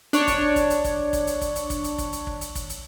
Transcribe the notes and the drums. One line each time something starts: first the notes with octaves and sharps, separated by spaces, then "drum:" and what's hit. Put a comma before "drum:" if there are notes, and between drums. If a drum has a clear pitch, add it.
D4 C#5, drum: hi-hat
drum: kick, hi-hat
drum: kick, hi-hat
drum: hi-hat
drum: kick, hi-hat
drum: kick, hi-hat
drum: hi-hat
drum: kick, hi-hat
drum: hi-hat
drum: kick, hi-hat
drum: hi-hat
drum: kick, hi-hat
drum: hi-hat
drum: kick
drum: hi-hat
drum: kick, hi-hat
drum: hi-hat